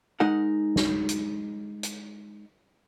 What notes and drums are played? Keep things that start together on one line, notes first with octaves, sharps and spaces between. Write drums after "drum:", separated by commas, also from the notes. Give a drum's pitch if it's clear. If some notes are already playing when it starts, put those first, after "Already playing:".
G#3 D#4 A#4 F#5
drum: snare
drum: hi-hat
drum: hi-hat